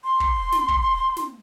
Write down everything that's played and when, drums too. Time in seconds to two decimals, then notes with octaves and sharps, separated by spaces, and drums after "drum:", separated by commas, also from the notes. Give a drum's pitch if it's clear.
0.04 C6
0.20 drum: kick
0.52 drum: snare
0.68 drum: kick
1.17 drum: snare